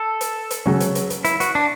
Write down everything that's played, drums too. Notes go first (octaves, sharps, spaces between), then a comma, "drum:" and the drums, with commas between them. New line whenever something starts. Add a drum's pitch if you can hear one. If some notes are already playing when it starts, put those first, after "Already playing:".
Already playing: A4
drum: hi-hat
drum: hi-hat
C#3 F#3 C#4
drum: hi-hat
drum: hi-hat
drum: hi-hat
E4, drum: hi-hat
F#4, drum: hi-hat
D4